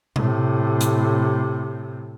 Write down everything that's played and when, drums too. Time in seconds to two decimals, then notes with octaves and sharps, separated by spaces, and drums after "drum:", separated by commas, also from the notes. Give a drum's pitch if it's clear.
0.16 A2 C3, drum: tom B2
0.81 drum: hi-hat